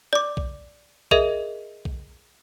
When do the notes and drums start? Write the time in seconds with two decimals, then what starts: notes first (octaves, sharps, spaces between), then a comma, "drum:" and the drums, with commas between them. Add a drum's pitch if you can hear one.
0.13 D5 D6
0.37 drum: kick B1
1.11 G#4 A#4 D#5 E5, drum: kick B1
1.85 drum: kick B1